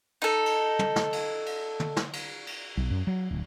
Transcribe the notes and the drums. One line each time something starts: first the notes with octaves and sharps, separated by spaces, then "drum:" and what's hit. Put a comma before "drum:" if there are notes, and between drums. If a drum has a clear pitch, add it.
D#4 A4
drum: cymbal
drum: tom
drum: snare
drum: cymbal
drum: cymbal
drum: tom
drum: snare
drum: cymbal
drum: cymbal
B1
F#2
F#3
D1